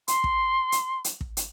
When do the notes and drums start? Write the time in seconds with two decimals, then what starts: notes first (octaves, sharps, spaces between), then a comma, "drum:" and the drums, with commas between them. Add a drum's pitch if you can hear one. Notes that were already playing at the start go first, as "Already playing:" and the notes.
0.08 C6, drum: hi-hat
0.24 drum: kick
0.72 drum: hi-hat
1.04 drum: hi-hat
1.21 drum: kick
1.37 drum: hi-hat